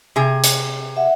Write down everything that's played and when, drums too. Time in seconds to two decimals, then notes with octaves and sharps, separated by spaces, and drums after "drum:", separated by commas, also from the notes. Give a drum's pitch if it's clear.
0.16 C3 G#4
0.44 drum: hi-hat
0.96 E5 F#5